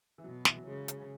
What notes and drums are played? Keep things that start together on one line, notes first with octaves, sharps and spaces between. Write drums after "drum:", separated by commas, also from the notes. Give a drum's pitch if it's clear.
E3
B2 F#3
E3, drum: snare
F#3
C#3 G#3
drum: hi-hat